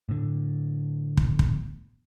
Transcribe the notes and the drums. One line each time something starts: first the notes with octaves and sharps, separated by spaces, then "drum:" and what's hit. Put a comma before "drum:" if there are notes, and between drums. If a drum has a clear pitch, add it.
A2 D3
drum: kick
drum: kick